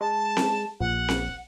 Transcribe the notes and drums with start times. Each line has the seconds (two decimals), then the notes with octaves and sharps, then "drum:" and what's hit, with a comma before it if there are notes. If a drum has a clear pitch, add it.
0.01 G#3 A5
0.37 drum: snare C4
0.80 A#1 F#5
1.08 drum: snare C4